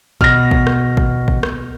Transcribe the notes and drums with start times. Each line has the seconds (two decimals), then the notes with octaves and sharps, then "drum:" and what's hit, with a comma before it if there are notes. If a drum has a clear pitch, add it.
0.21 B2 F6 A#6, drum: kick
0.51 drum: kick
0.67 drum: rim click
0.97 drum: kick
1.28 drum: kick
1.43 drum: rim click